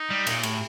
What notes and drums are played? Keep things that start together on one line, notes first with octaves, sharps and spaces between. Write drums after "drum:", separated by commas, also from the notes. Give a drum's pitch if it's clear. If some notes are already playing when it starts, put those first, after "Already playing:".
Already playing: D#4
G3
A#2, drum: cymbal
A2, drum: cymbal